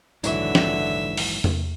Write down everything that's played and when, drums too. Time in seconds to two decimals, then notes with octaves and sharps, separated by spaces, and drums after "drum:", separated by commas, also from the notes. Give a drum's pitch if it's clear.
0.24 A#1 D#2 G#2 D3 E3 F#3 E4 E5, drum: tambourine
0.55 drum: snare
1.17 drum: open hi-hat
1.44 drum: tom E2